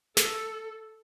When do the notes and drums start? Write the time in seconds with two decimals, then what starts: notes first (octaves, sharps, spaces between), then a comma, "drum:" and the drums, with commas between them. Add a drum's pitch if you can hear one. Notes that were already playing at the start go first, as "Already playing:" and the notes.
0.17 A4, drum: snare